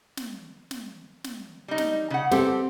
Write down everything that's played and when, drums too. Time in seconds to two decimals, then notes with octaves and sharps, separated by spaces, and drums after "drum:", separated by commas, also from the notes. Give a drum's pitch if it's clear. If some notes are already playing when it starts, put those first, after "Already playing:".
0.17 drum: snare
0.71 drum: snare
1.24 drum: snare
1.68 G3 D#4
1.78 drum: snare
2.10 C#3 F#5
2.31 C4 G4 A4 F#5, drum: snare